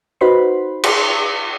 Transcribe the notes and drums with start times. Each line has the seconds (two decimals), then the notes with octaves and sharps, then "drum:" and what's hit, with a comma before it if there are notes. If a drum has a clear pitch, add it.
0.21 D#4 F#4 B4 C5 B5 C6
0.83 drum: cymbal